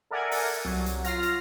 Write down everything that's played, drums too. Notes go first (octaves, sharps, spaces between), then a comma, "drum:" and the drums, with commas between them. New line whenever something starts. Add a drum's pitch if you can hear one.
A4 A#4 D5 E5 F#5 G#5
drum: open hi-hat
C2 F#3
drum: hi-hat
F4 F6 A#6, drum: hi-hat
drum: hi-hat